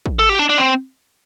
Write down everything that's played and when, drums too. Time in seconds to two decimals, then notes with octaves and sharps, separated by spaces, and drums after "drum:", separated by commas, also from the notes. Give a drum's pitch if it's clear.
0.06 drum: kick
0.19 A4
0.29 G4
0.39 D4
0.49 D4
0.58 C4